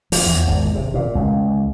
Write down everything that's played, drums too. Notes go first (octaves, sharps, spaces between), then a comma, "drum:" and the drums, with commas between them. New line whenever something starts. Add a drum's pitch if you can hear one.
F3, drum: open hi-hat
E2
G#1
C3
A#2
C#2